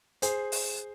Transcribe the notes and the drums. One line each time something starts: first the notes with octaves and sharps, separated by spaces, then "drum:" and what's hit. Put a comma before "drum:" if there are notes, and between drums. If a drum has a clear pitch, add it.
G#4 C5, drum: hi-hat
drum: open hi-hat